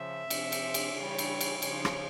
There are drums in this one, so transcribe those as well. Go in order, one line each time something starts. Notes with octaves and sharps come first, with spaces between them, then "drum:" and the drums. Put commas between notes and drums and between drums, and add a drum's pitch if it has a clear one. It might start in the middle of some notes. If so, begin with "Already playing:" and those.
Already playing: C#3 F3 E5
C3 F3, drum: cymbal
drum: cymbal
drum: cymbal
C#3 E3 G3 C#5
drum: cymbal
drum: cymbal
C#3 F3 C#5, drum: cymbal
drum: rim click